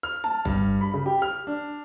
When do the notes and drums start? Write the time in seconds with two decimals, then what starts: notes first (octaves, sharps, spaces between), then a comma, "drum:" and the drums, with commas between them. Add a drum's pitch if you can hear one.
0.03 F6
0.24 A5, drum: tom
0.45 G2, drum: kick
0.81 B5
0.94 C#3
1.06 G4
1.22 F6
1.47 D4